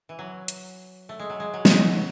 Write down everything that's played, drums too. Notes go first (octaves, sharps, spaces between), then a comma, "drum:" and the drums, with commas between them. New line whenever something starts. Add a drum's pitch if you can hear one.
E3
F#3
drum: hi-hat
A3
G#3
F#3
G#3
F#3
G#3, drum: snare
F#3